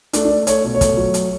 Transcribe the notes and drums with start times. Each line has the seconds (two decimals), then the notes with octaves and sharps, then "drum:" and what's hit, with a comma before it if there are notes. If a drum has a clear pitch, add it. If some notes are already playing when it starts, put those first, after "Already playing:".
0.13 A3 D4, drum: hi-hat
0.25 D4
0.30 A3
0.47 A3 C#5, drum: hi-hat
0.64 B2
0.74 C#5
0.81 A3, drum: kick, hi-hat
0.97 F#3
1.14 drum: hi-hat